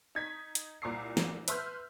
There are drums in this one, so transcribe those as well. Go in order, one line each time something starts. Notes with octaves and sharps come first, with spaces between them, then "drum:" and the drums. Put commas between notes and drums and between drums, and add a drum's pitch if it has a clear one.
D#4 G#6 B6
drum: hi-hat
C2 A#2 A#5 D6 E6 C7
drum: snare
B4 E5 C6 E6 F6 G6, drum: hi-hat